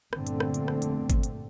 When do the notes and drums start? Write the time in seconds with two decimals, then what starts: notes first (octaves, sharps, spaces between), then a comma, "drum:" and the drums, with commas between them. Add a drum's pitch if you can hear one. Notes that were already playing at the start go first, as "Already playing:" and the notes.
0.13 G1 F2 A#2 D3 A3 C4, drum: rim click
0.27 drum: hi-hat
0.40 drum: rim click
0.54 drum: hi-hat
0.68 drum: rim click
0.82 drum: hi-hat
1.10 drum: kick G1, hi-hat
1.23 drum: hi-hat